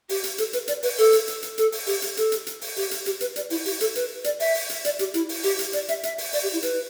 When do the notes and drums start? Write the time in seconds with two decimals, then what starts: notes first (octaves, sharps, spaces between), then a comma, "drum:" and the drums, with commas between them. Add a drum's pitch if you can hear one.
0.09 G4, drum: open hi-hat
0.24 drum: hi-hat
0.38 A4, drum: hi-hat
0.53 B4, drum: hi-hat
0.68 D5, drum: hi-hat
0.83 B4, drum: open hi-hat
0.98 A4, drum: open hi-hat
1.13 drum: hi-hat
1.28 drum: hi-hat
1.43 drum: hi-hat
1.58 A4, drum: hi-hat
1.72 drum: open hi-hat
1.87 G4, drum: open hi-hat
2.02 drum: hi-hat
2.17 A4, drum: hi-hat
2.32 drum: hi-hat
2.47 drum: hi-hat
2.61 drum: open hi-hat
2.76 G4, drum: open hi-hat
2.91 drum: hi-hat
3.06 G4, drum: hi-hat
3.20 B4, drum: hi-hat
3.36 D5, drum: hi-hat
3.50 E4, drum: open hi-hat
3.65 G4, drum: open hi-hat
3.80 A4, drum: hi-hat
3.95 B4, drum: hi-hat
4.24 D5, drum: hi-hat
4.40 E5, drum: open hi-hat
4.55 drum: open hi-hat
4.70 drum: hi-hat
4.85 D5, drum: hi-hat
4.99 G4, drum: hi-hat
5.14 E4, drum: hi-hat
5.29 drum: open hi-hat
5.43 G4, drum: open hi-hat
5.59 drum: hi-hat
5.73 D5, drum: hi-hat
5.89 E5, drum: hi-hat
6.03 E5, drum: hi-hat
6.18 drum: open hi-hat
6.33 D5, drum: open hi-hat
6.43 G4
6.53 E4
6.63 B4, drum: hi-hat